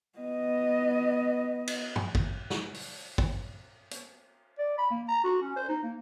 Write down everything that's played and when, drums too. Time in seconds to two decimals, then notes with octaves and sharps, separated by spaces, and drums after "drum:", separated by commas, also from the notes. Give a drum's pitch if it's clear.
0.19 B3 D#5
1.68 drum: cymbal
1.96 drum: tom
2.15 drum: kick
2.50 drum: snare
2.74 drum: open hi-hat
3.18 drum: kick
3.91 drum: hi-hat
4.59 D5
4.78 B5
4.91 A#3
5.08 A#5
5.24 F#4
5.42 C#4
5.56 C5
5.69 D#4
5.83 A#3